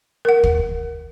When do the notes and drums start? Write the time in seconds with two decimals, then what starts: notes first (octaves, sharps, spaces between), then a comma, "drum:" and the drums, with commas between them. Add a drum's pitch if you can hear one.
0.25 A#4 F#5
0.43 drum: kick